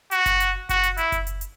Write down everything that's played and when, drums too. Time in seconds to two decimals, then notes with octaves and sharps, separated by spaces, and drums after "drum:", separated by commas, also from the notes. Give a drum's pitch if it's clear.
0.11 F#4, drum: hi-hat
0.26 drum: kick F#1, hi-hat
0.40 drum: hi-hat
0.69 F#4, drum: kick F#1, hi-hat
0.83 drum: hi-hat
0.97 E4, drum: hi-hat
1.12 drum: kick F#1, hi-hat
1.27 drum: hi-hat
1.41 drum: hi-hat